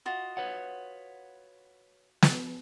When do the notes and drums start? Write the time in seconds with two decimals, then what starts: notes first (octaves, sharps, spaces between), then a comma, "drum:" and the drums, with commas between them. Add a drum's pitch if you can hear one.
0.05 F4 F#4 D#5
0.37 B4 C#5 F#5
2.22 drum: snare